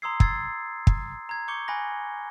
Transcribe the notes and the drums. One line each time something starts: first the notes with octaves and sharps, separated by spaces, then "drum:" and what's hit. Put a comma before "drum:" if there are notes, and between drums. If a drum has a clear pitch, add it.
A#5 C6 D#6 E6 G#6 C7
E6 G#6 A6 C7, drum: kick
drum: kick
A#5 G#6
C#6 D6 G6 C#7 G7
G#5 B5 F#6 A#6